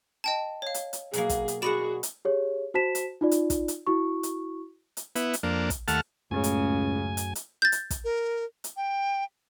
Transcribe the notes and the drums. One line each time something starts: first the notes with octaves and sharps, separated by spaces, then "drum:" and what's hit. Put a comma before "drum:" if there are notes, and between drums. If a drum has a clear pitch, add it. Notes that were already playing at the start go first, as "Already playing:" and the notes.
D#5 G5 A5
C#5 F5
drum: hi-hat
drum: hi-hat
B2 F#3 A#3 G#4, drum: hi-hat
drum: kick, hi-hat
drum: hi-hat
F#4 G#4 D5 D#5 F#5 B5 E7
drum: hi-hat
G4 G#4 C#5
F#4 C5 A5 B6 E7
drum: hi-hat
D#4 F4 D5
drum: hi-hat
drum: kick, hi-hat
drum: hi-hat
E4 F#4 C#6
drum: hi-hat
drum: hi-hat
B3 E4, drum: hi-hat
drum: hi-hat
F2 A#3 D4
drum: kick, hi-hat
D#2 A3 F#5 A5 F6, drum: hi-hat
C#2 F#2 A2 C#3 G#5
drum: hi-hat
drum: hi-hat
drum: hi-hat
G6 A6
drum: hi-hat
drum: kick, hi-hat
A#4
drum: hi-hat
G5